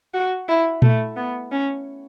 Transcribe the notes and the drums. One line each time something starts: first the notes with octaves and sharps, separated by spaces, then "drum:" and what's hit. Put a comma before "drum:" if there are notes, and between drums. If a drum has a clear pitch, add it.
F#4
E4
A3, drum: tom A#2
B3
C#4